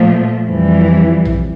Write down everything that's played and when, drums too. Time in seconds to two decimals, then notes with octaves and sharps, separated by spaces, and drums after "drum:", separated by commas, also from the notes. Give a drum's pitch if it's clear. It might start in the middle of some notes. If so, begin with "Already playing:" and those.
Already playing: A#2 F3 A3
0.46 F2 E3 G3
1.25 drum: tom A#1